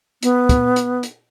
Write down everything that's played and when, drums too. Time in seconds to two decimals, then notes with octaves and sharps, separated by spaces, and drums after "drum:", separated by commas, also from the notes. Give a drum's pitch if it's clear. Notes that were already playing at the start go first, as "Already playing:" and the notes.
0.23 B3, drum: hi-hat
0.49 drum: kick, hi-hat
0.76 drum: hi-hat
1.03 drum: hi-hat